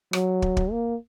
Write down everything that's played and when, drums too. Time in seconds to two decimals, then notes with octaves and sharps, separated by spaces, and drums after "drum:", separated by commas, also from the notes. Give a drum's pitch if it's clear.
0.13 F#3, drum: rim click
0.42 drum: kick
0.57 drum: kick
0.71 A#3